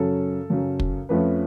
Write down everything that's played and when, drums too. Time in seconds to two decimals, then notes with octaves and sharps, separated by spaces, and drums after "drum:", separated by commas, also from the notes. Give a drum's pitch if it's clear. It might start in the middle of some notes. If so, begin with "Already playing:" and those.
Already playing: F#2 C#3 F#3 C#4 A4
0.50 F#2 C#3 F#3 C#4
0.80 drum: kick
1.09 F2 F3 A3 C#4 B4